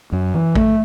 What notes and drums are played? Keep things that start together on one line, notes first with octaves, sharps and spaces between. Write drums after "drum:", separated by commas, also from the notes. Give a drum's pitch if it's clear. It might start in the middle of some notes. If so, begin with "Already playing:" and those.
F#2
E3
A3, drum: kick